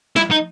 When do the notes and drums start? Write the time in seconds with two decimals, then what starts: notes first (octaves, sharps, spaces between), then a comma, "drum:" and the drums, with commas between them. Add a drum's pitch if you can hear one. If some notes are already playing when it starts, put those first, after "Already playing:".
0.16 E4, drum: snare
0.31 D#4